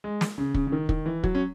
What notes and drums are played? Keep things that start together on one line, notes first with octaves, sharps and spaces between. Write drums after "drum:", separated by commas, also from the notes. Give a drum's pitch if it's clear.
G#3
drum: snare
C#3
C#3, drum: kick
C#3
D#3
D#3, drum: kick
E3
F#3, drum: kick
C#4